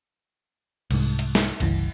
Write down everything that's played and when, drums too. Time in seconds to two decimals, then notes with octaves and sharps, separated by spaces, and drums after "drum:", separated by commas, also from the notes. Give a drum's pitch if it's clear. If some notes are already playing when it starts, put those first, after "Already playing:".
0.91 C2 G#2, drum: cymbal
1.19 drum: hi-hat
1.35 drum: snare
1.60 G1 C#2 G2 E3, drum: cymbal